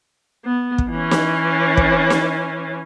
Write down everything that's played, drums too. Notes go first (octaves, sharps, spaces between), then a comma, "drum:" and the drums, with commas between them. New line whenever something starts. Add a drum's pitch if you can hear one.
B3
drum: kick
E3 C#4
drum: snare
drum: kick
drum: snare